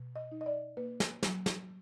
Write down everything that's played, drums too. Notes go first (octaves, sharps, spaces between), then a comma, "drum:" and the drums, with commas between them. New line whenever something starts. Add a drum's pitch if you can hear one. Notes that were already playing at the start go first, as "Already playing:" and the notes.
Already playing: B2
D#5
D#4
D#5
D5
A#3 B4
drum: snare
F#3, drum: snare
drum: snare